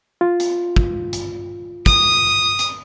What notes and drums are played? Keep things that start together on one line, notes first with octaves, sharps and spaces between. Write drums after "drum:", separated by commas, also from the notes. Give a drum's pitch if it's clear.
F4
drum: hi-hat
drum: kick
drum: hi-hat
D#6, drum: kick, hi-hat
drum: hi-hat